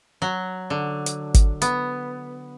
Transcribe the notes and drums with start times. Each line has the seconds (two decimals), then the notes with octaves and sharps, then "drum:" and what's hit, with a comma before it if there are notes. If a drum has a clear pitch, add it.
0.22 F#3
0.70 D3
1.06 drum: hi-hat
1.34 drum: kick G#1, hi-hat
1.62 B3, drum: hi-hat